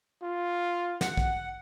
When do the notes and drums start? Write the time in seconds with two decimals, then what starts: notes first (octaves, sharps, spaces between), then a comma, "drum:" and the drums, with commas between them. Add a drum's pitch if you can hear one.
0.23 F4
1.01 F#5, drum: snare
1.17 drum: kick